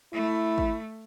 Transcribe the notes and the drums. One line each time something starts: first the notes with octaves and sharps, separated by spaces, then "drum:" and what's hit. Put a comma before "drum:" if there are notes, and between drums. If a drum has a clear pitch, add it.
A3 E4
drum: kick